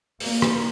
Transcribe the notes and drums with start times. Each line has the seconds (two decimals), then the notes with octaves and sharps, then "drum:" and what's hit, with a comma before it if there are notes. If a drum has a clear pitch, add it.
0.20 A#3, drum: open hi-hat
0.42 drum: rim click